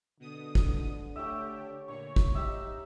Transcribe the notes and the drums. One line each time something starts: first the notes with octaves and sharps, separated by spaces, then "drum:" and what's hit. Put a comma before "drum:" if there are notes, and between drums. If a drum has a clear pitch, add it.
B2 D3 D#6
drum: kick
A3 G4 C#5 E5
A#2 C#5 C#6
drum: kick
D#4 G4 E5 F#5